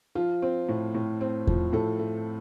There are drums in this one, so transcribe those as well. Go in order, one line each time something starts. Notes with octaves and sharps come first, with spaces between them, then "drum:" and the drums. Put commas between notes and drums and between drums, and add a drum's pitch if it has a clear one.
F3 F4
C4
A2
A2
C4
F3, drum: kick E2
A2 A4
A3